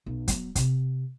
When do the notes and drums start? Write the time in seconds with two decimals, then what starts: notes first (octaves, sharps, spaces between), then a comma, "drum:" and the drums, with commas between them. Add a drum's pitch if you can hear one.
0.06 B1
0.28 F#3 B3, drum: kick, hi-hat
0.55 C3, drum: kick, hi-hat